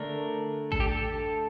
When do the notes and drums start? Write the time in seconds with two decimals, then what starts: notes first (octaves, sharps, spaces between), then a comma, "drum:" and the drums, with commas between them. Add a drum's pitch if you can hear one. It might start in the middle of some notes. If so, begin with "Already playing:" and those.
Already playing: D3 A3 D4 A#4
0.72 A4, drum: kick A1
0.80 G4
0.88 A4